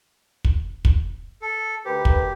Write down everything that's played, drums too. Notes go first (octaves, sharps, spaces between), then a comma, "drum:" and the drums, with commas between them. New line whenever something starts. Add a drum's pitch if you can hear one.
drum: kick
drum: kick
A4
D2 G4 A#4 B4
drum: kick